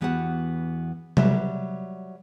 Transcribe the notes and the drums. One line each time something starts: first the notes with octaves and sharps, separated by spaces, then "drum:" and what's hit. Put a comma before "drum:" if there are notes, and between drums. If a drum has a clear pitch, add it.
E2 E3 B3 F#4 G4 F#5
F#3 G3 E5, drum: tom C3